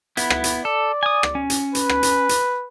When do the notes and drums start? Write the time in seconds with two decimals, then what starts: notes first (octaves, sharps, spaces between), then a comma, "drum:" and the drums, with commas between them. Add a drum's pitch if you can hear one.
0.17 B3 E4, drum: hi-hat
0.30 drum: rim click
0.44 drum: hi-hat
0.65 A4 D5
1.03 G#5 D#6
1.23 drum: rim click
1.35 C#4
1.50 drum: hi-hat
1.75 B4, drum: hi-hat
1.89 drum: rim click
2.03 drum: hi-hat
2.29 drum: hi-hat